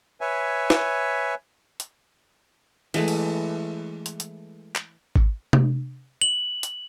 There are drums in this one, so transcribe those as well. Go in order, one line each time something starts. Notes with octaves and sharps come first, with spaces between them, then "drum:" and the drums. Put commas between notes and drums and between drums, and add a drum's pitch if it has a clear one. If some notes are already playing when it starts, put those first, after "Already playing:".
B4 C#5 E5 G#5
drum: snare
drum: hi-hat
E3 G#3 A3, drum: cymbal
drum: cymbal
drum: hi-hat
drum: hi-hat
drum: clap
drum: kick G#1
drum: tom C3
F#7
drum: hi-hat